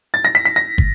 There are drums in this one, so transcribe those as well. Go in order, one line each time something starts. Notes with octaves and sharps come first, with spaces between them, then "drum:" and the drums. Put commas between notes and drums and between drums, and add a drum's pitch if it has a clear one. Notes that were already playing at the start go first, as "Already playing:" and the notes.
A6
A#6
B6
B6
A#6
drum: kick